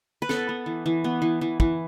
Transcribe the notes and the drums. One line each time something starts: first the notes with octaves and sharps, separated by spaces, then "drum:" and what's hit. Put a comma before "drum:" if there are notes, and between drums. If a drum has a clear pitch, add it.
B4
B3 A4, drum: snare
B3
E3
E3
B3
E3
E3
E3, drum: kick